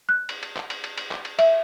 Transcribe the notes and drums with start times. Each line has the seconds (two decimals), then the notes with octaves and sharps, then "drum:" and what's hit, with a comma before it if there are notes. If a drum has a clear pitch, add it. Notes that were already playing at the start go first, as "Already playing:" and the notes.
0.09 F#6
0.29 drum: cymbal
0.43 drum: cymbal
0.56 drum: clap
0.70 drum: cymbal
0.84 drum: cymbal
0.98 drum: cymbal
1.11 drum: clap
1.25 drum: cymbal
1.39 E5, drum: cymbal